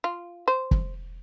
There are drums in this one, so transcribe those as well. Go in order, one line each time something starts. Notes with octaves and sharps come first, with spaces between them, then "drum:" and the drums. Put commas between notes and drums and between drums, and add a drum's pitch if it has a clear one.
F4
C5
drum: kick